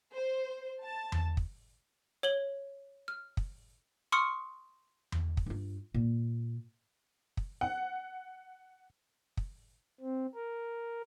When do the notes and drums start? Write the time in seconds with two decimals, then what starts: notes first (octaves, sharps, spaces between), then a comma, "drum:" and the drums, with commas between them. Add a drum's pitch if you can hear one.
0.12 C5
0.82 A5
1.12 drum: tom E2
1.37 drum: kick
2.23 C#5 F#7 G7
3.08 F6
3.37 drum: kick
4.12 C6 C#6 D#6 F6 C#7
5.12 drum: tom E2
5.37 drum: kick
5.46 G2 F4
5.94 A#2
7.37 drum: kick
7.61 F#5
9.37 drum: kick
10.00 C4
10.35 A#4